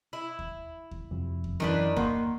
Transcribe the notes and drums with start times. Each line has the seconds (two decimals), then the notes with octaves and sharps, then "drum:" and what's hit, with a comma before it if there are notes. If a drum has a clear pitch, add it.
0.13 E4
0.39 drum: kick D#2
0.91 drum: kick D#2
1.11 F2 C3
1.44 drum: kick D#2
1.60 F#2 D#3 E3 D4 B4 B6
1.97 D#3 A#3 F#5 C6, drum: kick D#2